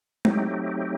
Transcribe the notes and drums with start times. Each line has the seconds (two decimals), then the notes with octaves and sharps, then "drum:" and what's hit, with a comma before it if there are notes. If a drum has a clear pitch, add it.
0.25 F#3 A3 C4 D#4 G4, drum: tom G#3